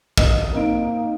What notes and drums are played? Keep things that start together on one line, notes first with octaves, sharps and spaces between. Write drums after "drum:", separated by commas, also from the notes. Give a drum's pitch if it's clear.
D#5, drum: kick
A#3 C4 D#4 D7